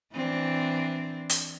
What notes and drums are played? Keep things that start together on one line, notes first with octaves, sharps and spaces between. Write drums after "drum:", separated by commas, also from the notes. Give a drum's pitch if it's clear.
E3 C4 D4
drum: hi-hat